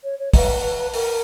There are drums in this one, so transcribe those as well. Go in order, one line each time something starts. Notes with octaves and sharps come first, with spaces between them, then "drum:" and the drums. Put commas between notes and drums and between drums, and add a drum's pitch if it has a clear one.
C#5
C#5
B4, drum: kick, open hi-hat
A#4, drum: open hi-hat